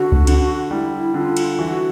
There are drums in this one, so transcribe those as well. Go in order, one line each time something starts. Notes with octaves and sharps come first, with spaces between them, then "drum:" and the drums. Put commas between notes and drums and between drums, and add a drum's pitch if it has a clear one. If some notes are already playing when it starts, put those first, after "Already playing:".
Already playing: D3 F#4
drum: kick C#2
D3, drum: cymbal
G3 E4
E4
D3 F4
F4, drum: cymbal
E3 F#4